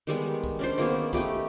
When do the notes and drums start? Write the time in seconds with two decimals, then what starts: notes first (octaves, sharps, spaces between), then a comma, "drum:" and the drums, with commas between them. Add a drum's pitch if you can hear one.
0.07 D#3 G3 G#3 B3
0.44 drum: kick C2
0.59 C#4 D4 C5
0.78 D#3 A#3 B3 G#4
1.13 A3 D#4 G4 B4, drum: kick C2